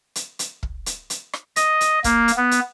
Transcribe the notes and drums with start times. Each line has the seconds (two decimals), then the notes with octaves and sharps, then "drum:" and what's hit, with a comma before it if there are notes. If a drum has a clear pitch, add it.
0.15 drum: hi-hat
0.39 drum: hi-hat
0.63 drum: kick
0.86 drum: hi-hat
1.10 drum: hi-hat
1.33 drum: rim click
1.56 D#5, drum: hi-hat
1.81 drum: hi-hat
2.04 A#3, drum: kick, hi-hat
2.28 drum: hi-hat
2.37 B3
2.51 drum: hi-hat